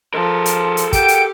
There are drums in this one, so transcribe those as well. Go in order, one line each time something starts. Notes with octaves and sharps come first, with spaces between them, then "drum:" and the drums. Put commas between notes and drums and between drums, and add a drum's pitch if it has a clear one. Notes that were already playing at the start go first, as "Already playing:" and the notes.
F3 A4 A#4
drum: hi-hat
drum: hi-hat
G4 F#5 G5 D7, drum: kick, hi-hat
drum: hi-hat